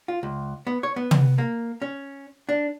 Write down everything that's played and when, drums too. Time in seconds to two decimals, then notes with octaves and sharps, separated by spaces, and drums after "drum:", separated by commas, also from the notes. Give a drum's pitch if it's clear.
0.08 F4
0.23 C#2
0.67 B3
0.83 C#5
0.96 B3
1.11 drum: tom
1.38 A#3
1.82 C#4
2.49 D4